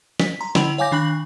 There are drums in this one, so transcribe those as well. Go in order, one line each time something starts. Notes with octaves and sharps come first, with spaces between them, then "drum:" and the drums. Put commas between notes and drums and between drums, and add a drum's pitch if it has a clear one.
B6, drum: snare
A#5 C6
D3 E4 B5 E6 F7 F#7, drum: snare
C#5 F5 G#5 D6 G6 A#6
D#3 D4 B5 F#6 F#7